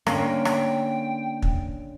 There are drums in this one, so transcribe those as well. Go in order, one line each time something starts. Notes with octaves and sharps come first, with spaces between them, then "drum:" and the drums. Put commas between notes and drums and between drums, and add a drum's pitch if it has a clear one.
D3 A#3 C#4 G5, drum: rim click
drum: rim click
drum: kick